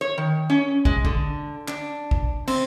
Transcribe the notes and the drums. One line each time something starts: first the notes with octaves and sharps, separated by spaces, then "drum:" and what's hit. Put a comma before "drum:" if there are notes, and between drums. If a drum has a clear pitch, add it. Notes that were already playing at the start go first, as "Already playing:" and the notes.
C#5
D#3
C#4
G#3, drum: kick
D3, drum: kick
D4, drum: clap
drum: kick
C4, drum: cymbal